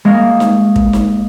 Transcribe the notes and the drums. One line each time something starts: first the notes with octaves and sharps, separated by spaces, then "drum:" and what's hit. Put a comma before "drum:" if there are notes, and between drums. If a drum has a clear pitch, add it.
G#3 A#3 A#4
drum: snare D#4
drum: kick
drum: snare D#4